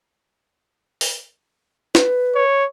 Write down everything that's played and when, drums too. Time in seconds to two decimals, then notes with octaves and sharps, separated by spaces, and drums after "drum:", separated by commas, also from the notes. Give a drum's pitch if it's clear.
1.01 drum: open hi-hat
1.95 B4, drum: snare
2.35 C#5